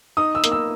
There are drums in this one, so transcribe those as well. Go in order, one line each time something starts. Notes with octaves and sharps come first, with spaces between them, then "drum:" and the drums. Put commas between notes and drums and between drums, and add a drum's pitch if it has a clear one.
D#4 D#6
E6
A#3, drum: hi-hat
E6